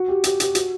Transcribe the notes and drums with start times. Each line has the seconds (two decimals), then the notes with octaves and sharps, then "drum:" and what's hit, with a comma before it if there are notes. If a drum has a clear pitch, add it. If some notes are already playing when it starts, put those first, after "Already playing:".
Already playing: F#4
0.08 G4
0.24 G4, drum: hi-hat
0.40 G4, drum: hi-hat
0.55 F#4, drum: hi-hat